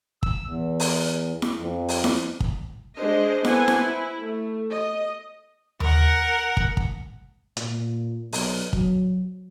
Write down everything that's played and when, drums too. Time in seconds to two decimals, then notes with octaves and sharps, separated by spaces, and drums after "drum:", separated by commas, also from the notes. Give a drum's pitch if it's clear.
0.23 E6, drum: kick
0.46 E2
0.80 drum: open hi-hat
1.42 drum: snare E4
1.57 F2
1.89 drum: open hi-hat
2.04 drum: snare E4
2.40 drum: kick
2.96 G#3 D4 C5 D#5
3.45 B3 A4 C5 F#5 G#5, drum: snare E4
3.68 drum: snare E4
3.78 E4
4.19 A3
4.70 D#5
5.80 A#4 F#5, drum: tom D#2
6.57 drum: kick
6.77 drum: kick
7.57 A#2, drum: hi-hat
8.33 B1, drum: open hi-hat
8.73 F#3, drum: kick